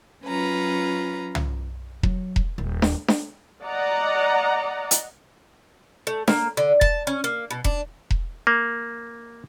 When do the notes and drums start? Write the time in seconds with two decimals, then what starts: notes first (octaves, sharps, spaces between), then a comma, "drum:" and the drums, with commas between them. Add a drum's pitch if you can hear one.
0.24 F#3 C#4 F4 B4 A#5
1.35 drum: tom
2.03 F#3, drum: kick E1
2.36 drum: kick E1
2.58 D#1
2.82 drum: snare D4
3.08 drum: snare D4
3.63 D5 D#5 F#5 A#5
4.91 drum: hi-hat
6.07 A3
6.28 A#3, drum: snare D4
6.57 D3
6.81 A5, drum: kick E1
7.07 C#4
7.24 A#3
7.51 B2
7.64 D4, drum: kick E1
8.11 drum: kick E1
8.47 A#3